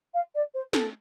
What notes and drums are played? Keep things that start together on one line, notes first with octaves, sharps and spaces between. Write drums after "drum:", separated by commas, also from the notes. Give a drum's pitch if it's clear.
F5
D5
C5
A4, drum: snare